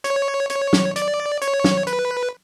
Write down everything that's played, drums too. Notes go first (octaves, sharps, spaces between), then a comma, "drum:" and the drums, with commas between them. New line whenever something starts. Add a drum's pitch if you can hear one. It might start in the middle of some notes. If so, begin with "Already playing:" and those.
C#5, drum: hi-hat
C#5, drum: hi-hat
drum: snare
D5, drum: hi-hat
C#5, drum: hi-hat
drum: snare
B4, drum: hi-hat